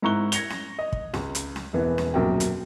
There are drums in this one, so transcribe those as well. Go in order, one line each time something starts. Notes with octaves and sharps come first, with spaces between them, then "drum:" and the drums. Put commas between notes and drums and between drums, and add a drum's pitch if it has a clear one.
G#2 E4 A#5 C#6 F#6 G7
G#6 A#6 C#7 F7 G7, drum: hi-hat
drum: snare C#4
D#5
drum: kick
C#2, drum: snare C#4
drum: hi-hat
drum: snare C#4
E1 E3 B3
drum: snare C#4
D#1 A#1 F#2 B2 A#4 G5
drum: hi-hat